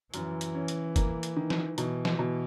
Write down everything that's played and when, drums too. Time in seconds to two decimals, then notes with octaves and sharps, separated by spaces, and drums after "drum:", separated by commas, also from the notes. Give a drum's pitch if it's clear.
0.14 F#2 E3, drum: hi-hat
0.41 drum: hi-hat
0.55 C#4
0.68 drum: hi-hat
0.96 A#3, drum: kick F#1, hi-hat
1.23 drum: hi-hat
1.36 D#3
1.50 drum: snare
1.78 B2 E3, drum: hi-hat
2.05 drum: snare
2.19 B2